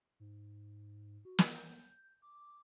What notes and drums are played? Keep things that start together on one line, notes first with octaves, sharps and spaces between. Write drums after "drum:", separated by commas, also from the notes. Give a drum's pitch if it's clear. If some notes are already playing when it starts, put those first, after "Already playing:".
G#2
F#4
drum: snare
G6
D6